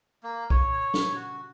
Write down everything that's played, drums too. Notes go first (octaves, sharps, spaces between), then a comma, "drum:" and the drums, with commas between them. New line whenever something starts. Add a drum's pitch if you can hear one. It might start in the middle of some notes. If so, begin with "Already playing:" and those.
A#3
C#5, drum: kick
drum: snare
F#4